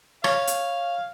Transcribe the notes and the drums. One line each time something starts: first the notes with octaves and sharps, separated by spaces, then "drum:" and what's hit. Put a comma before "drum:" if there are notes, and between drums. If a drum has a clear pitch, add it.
C#5 F5, drum: rim click
drum: hi-hat